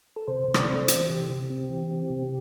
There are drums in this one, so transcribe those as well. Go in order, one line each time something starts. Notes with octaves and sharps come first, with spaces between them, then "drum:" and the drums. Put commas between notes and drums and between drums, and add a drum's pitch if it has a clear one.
A4
C3 C5
C3
D5, drum: rim click
C4
A4
C5
E3, drum: hi-hat
C3 G4
C3
C4
E3
C4
C3